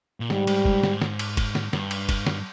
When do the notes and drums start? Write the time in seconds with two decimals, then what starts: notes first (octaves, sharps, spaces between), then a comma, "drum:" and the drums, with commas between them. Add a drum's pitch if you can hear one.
0.20 A#2
0.30 G#2 G3, drum: snare
0.47 G#2, drum: cymbal
0.65 G#2, drum: kick
0.83 G#2, drum: snare
1.02 drum: snare
1.19 drum: cymbal
1.37 drum: kick, cymbal
1.55 drum: snare
1.73 G2, drum: snare
1.91 drum: cymbal
2.09 drum: kick, cymbal
2.27 drum: snare